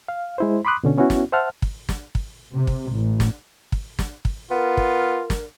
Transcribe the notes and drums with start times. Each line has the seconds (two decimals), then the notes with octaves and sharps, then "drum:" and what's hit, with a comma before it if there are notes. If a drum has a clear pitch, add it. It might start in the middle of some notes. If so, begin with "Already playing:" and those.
0.08 F5
0.38 G#3 E4 C5
0.65 B5 C6 D6 D#6 F#6
0.84 B2 D3 C#4
0.98 B3 C#4 E4 F#4
1.10 drum: snare
1.33 C5 E5 F#5 A5 F6
1.62 drum: kick
1.89 drum: snare
2.15 drum: kick
2.53 C3
2.67 drum: kick
2.92 A1
3.20 drum: snare
3.72 drum: kick
3.99 drum: snare
4.25 drum: kick
4.51 B3 F4 A#4
4.77 drum: kick
5.30 drum: snare